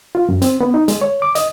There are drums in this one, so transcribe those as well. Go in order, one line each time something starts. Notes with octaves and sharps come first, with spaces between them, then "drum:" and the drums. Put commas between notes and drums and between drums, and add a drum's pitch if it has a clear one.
F4
F#2
C4, drum: hi-hat
B3
D#4
G#3, drum: hi-hat
C#5
D6
D#5, drum: hi-hat